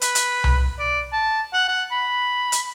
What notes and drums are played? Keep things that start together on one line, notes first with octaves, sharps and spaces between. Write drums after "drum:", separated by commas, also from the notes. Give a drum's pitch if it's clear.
B4, drum: hi-hat
drum: hi-hat
drum: tom C2
D5
A5
F#5
F#5
B5
drum: hi-hat